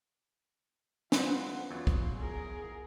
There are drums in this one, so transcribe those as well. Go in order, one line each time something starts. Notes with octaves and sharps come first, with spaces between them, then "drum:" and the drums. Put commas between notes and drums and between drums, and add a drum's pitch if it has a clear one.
F4 B4 C5 F#5, drum: snare
E2 F#3 F4
drum: kick
G#4 A#4